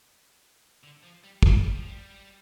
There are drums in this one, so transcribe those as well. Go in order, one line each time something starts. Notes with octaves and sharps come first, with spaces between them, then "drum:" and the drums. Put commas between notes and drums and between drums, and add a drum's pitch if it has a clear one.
D3
F3
G3
A3, drum: kick
G3
F3
G3